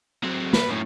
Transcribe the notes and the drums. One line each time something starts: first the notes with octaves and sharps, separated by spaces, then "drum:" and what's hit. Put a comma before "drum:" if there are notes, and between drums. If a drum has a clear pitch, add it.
F#3 C4
B4, drum: snare
F#2 A2